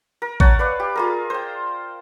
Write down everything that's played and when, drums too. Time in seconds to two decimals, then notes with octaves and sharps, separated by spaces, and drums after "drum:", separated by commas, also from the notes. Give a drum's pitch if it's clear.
0.22 A#4
0.40 C#5 F#5 G#5 A5, drum: kick A1
0.59 B4 D5 F5
0.80 G4
0.96 F4 G#4 A#4
1.30 C5 G5